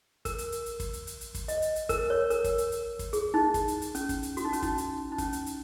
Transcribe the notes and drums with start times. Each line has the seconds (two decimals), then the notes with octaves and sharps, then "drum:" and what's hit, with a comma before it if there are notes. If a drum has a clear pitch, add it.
0.25 A#4, drum: kick, hi-hat
0.38 drum: hi-hat
0.52 drum: hi-hat
0.66 drum: hi-hat
0.80 drum: kick, hi-hat
0.93 drum: hi-hat
1.07 drum: hi-hat
1.21 drum: hi-hat
1.35 drum: kick, hi-hat
1.48 D#5, drum: hi-hat
1.62 drum: hi-hat
1.76 drum: hi-hat
1.89 A#4, drum: kick, hi-hat
2.10 C#5
2.30 A#4, drum: hi-hat
2.44 drum: kick, hi-hat
2.58 drum: hi-hat
2.72 drum: hi-hat
2.99 drum: kick, hi-hat
3.13 G#4, drum: hi-hat
3.34 D#4
3.54 drum: kick, hi-hat
3.68 drum: hi-hat
3.82 drum: hi-hat
3.95 C#4, drum: hi-hat
4.09 drum: kick, hi-hat
4.23 drum: hi-hat
4.37 F#4, drum: hi-hat
4.45 D#4
4.53 C#4, drum: hi-hat
4.62 D#4, drum: kick, hi-hat
4.78 drum: hi-hat
5.12 D#4
5.18 C#4, drum: kick, hi-hat
5.33 drum: hi-hat
5.46 drum: hi-hat